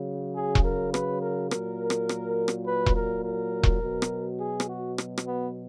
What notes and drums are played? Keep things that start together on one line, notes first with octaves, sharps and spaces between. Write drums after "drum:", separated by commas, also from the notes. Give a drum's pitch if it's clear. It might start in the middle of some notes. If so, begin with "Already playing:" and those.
Already playing: C#3 F#3
G#4
drum: kick E1
A#4
B4, drum: rim click
A#4
A#2 F#3 A#4, drum: rim click
drum: rim click
drum: rim click
drum: rim click
B4
drum: kick E1
A#4
A#4
drum: kick E1
B2 F#3
drum: rim click
G#4
drum: rim click
F#4
drum: rim click
drum: rim click
B3